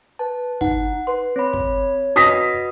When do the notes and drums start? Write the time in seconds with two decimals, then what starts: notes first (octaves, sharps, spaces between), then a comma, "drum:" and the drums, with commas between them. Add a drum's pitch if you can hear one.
0.19 B4 A5
0.61 D#4 F#5, drum: kick
1.07 B4 C6
1.36 C4 C#5 B5
1.53 drum: kick
2.16 F#4 B4 D#5 D#6 A#6 B6